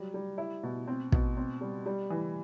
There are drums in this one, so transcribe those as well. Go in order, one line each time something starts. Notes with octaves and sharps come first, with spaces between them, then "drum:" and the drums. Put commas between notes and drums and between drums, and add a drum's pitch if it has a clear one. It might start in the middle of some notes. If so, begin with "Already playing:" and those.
Already playing: F#3 G3
G3
E4
B2
C4
B2, drum: kick
C4
G3
G3
E3